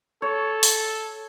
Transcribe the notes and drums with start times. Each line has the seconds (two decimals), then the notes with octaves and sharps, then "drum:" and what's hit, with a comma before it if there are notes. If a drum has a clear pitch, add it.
0.22 A4 C#5
0.63 drum: open hi-hat